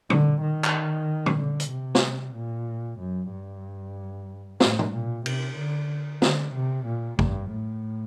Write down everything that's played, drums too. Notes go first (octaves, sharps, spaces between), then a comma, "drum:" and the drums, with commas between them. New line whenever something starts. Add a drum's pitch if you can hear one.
D3, drum: tom
D#3
drum: clap
drum: tom
D3
drum: hi-hat
C3
drum: snare
A#2
F#2
G2
A2, drum: snare
drum: tom
A#2
C3, drum: cymbal
D3
D3, drum: snare
C3
A#2
G2, drum: kick
A2